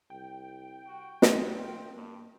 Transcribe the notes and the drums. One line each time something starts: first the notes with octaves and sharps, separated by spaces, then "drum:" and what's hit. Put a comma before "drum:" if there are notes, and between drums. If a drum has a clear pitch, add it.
C2 G5
F#4
B1 G#3, drum: snare
F4
G2 A#3